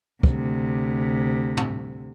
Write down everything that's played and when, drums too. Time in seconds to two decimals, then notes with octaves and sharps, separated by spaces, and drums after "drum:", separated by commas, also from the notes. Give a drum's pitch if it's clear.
0.23 D2 C3, drum: kick
1.57 drum: tom